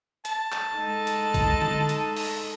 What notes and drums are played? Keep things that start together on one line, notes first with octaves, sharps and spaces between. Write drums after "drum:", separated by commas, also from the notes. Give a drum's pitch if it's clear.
A5, drum: hi-hat
drum: clap
G#3 D#4 A4
drum: hi-hat
drum: kick B1, hi-hat
drum: tom D3
drum: hi-hat
drum: open hi-hat